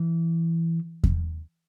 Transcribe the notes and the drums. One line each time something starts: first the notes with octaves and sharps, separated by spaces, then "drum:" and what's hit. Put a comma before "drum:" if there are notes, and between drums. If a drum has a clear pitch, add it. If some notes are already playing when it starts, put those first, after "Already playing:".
Already playing: E3
drum: kick E2